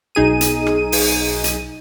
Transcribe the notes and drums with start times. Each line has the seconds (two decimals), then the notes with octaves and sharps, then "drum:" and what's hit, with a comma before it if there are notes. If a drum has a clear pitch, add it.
0.15 B1 D#4 G#4 D#7
0.41 drum: hi-hat
0.67 drum: rim click
0.92 drum: open hi-hat
1.44 drum: hi-hat